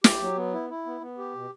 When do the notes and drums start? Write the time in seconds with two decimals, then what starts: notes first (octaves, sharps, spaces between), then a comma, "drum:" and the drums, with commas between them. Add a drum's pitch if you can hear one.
0.04 G4, drum: snare
0.21 F#3
0.37 B3
0.53 E4
0.70 E4
0.86 B3
1.01 B3
1.18 G4
1.35 B2